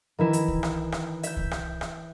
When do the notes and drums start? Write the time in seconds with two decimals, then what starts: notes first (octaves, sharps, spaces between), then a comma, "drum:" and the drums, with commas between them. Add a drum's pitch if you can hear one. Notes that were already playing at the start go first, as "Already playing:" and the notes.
0.18 D#3 E3 E4
0.33 drum: hi-hat
0.48 drum: kick C2
0.63 drum: rim click
0.92 drum: rim click
1.23 E5 G6, drum: hi-hat
1.37 drum: kick C2
1.51 drum: rim click
1.81 drum: rim click